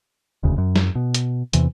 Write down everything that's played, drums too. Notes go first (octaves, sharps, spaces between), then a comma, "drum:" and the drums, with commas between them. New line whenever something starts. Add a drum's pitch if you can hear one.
E1 D2 C#3
F#2
drum: snare
B2
drum: hi-hat
E2 C3 E3, drum: hi-hat